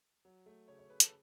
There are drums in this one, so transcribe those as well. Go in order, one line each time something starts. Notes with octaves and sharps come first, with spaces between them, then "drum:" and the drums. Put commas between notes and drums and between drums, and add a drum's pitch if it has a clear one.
F#3
A3
C#3 C#5
C#5
C#3 B4
A4, drum: hi-hat